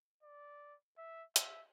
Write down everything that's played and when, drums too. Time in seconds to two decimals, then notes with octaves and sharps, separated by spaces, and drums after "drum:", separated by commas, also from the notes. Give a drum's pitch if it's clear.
0.23 D5
0.98 E5
1.36 E5, drum: hi-hat